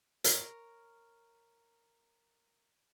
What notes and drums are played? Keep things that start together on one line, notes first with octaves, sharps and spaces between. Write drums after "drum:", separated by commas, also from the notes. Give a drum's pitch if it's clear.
A#4 C#5, drum: hi-hat